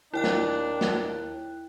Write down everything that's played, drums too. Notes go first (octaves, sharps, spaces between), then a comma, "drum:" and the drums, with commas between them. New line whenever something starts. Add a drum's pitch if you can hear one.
D#2 D4 E4 G5 F#6
drum: snare
drum: snare